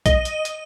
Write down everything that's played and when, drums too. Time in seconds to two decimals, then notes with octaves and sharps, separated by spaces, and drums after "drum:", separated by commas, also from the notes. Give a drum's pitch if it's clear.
0.06 D#5, drum: kick B1, hi-hat
0.25 drum: hi-hat
0.45 drum: hi-hat